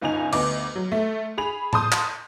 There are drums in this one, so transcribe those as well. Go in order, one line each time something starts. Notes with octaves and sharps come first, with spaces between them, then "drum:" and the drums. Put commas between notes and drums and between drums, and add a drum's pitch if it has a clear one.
G1 C#2 D#4 G#5 F7
D2 B3 D#5 D6, drum: cymbal
F#3
A3
G#4 B5 F7
A5 C6 D#6 G6, drum: tom A2
drum: clap